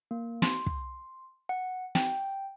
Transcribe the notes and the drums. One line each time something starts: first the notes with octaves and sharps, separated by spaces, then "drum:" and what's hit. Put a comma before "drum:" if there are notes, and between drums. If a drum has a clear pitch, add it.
A#3
C6, drum: snare
drum: kick
F#5
G5, drum: snare